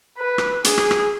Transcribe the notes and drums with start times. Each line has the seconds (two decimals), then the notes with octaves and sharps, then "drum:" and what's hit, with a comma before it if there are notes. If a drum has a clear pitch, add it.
0.18 B4
0.38 drum: rim click
0.64 G#4, drum: hi-hat
0.78 drum: rim click
0.91 drum: rim click